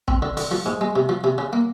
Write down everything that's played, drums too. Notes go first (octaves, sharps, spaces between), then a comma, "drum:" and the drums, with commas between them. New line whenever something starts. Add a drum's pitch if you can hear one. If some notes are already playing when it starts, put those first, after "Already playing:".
C4, drum: kick
D3
D3, drum: open hi-hat
F3
G#2
G#3
C3
F3
C3
C#3
A#3